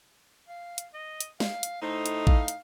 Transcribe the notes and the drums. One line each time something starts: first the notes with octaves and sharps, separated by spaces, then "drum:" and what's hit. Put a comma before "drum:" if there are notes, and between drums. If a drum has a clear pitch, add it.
F5
drum: hi-hat
D#5
drum: hi-hat
F5, drum: snare
drum: hi-hat
A2 A3 D#4 C5
drum: hi-hat
F5, drum: kick A1
drum: hi-hat